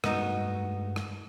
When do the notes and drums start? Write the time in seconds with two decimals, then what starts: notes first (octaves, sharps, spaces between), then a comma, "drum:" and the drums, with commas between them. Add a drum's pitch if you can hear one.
0.04 G2 G#3 A3 B3 D#4 F#4, drum: rim click
0.96 drum: rim click